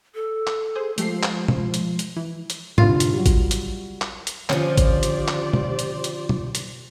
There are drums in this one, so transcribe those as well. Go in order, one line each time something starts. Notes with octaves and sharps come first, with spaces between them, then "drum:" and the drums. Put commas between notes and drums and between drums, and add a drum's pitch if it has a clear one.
A4
drum: clap
G#4 C5
F3 G#3 A3 G4 C7, drum: hi-hat
drum: clap
drum: tom B2
drum: hi-hat
drum: hi-hat
E3
drum: hi-hat
F1 D3 D#3 F4, drum: tom G#2
drum: hi-hat
F#3 G3
drum: kick, hi-hat
drum: hi-hat
drum: clap
drum: hi-hat
D3 D#3 F3 C4 C#4 G4 C5 D5, drum: clap
drum: kick, hi-hat
drum: hi-hat
drum: clap
drum: tom B2
drum: hi-hat
drum: hi-hat
drum: tom B2
drum: hi-hat